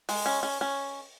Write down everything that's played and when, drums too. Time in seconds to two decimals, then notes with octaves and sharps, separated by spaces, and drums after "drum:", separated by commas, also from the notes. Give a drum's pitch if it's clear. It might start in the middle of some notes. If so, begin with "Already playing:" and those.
0.09 G#3, drum: open hi-hat
0.26 C#4
0.43 C#4
0.61 C#4